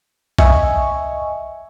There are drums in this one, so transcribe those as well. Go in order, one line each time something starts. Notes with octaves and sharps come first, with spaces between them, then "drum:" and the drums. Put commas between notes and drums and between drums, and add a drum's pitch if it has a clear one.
D#5 E5 G#5 C#6, drum: kick